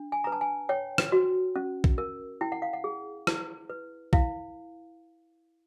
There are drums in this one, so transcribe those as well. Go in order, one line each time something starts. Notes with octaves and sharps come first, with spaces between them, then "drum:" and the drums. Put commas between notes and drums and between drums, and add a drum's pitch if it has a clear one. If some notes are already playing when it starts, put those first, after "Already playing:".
Already playing: D4
G#5
B4 A#5
A5
G#5
C#5 G5
drum: rim click
F#4
C#4
drum: kick
A#4
E4 G5
F#5
F5
F#5
G#4
E4, drum: rim click
B4
E4 F5, drum: kick